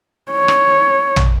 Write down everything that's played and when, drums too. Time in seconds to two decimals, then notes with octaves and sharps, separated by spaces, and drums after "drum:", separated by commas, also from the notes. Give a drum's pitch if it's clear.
0.31 C#5
0.48 drum: rim click
1.16 drum: tom